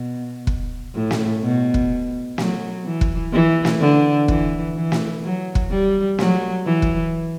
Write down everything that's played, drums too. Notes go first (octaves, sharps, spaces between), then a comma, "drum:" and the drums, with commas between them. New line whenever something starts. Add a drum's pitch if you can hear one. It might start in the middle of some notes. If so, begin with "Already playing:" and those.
Already playing: B2
drum: kick
A2
drum: snare
B2
drum: kick
F#3, drum: snare
E3
drum: kick
E3
drum: snare
D3
E3, drum: kick
E3
drum: snare
F#3
drum: kick
G3
F#3, drum: snare
E3
drum: kick